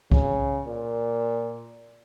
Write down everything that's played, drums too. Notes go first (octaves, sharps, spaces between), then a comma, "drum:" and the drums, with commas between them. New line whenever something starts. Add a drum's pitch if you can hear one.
C#3, drum: kick C2
A#2